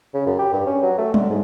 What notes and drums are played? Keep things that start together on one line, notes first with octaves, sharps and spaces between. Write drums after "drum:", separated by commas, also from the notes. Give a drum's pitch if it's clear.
C#3
F#2
G4
G2
C#4
F#3
A3
D3, drum: tom G3
G#2